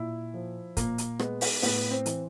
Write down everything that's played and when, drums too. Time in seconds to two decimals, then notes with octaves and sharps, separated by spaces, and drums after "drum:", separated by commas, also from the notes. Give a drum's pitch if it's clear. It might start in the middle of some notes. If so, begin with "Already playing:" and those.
Already playing: A#2 E4
0.34 F3
0.77 A#2 A#3, drum: kick, hi-hat
0.98 drum: hi-hat
1.19 G#3 B3, drum: rim click
1.41 drum: open hi-hat
1.62 A2 B3, drum: open hi-hat
1.91 C4
2.06 E3, drum: hi-hat